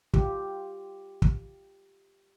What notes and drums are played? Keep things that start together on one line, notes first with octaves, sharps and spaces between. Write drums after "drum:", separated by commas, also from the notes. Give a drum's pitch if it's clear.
F4 G4, drum: kick
drum: kick